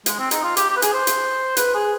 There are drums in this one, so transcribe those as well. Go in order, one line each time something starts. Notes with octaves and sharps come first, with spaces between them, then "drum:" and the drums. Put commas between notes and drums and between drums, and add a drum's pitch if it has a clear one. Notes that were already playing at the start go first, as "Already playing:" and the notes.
G#3, drum: hi-hat
C4
D#4, drum: hi-hat
F4
G4, drum: hi-hat
G4
B4
G#4, drum: hi-hat
C5
drum: hi-hat
B4, drum: hi-hat
G#4